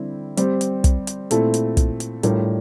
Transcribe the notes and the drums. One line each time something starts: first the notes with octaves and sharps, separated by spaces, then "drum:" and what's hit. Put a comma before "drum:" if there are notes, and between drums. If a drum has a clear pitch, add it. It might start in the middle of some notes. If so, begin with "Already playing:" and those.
Already playing: D3 G3 C4 E4
G3 C4 G4 C5, drum: hi-hat
drum: hi-hat
drum: kick, hi-hat
drum: hi-hat
A#2 A3 C4 E4 A4, drum: hi-hat
drum: hi-hat
drum: kick, hi-hat
drum: hi-hat
A2 G3 D4 F4 A#4, drum: hi-hat